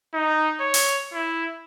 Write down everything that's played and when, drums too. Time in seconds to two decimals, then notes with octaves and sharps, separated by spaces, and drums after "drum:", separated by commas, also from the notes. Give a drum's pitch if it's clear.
0.14 D#4
0.60 C#5
0.74 drum: open hi-hat
1.13 E4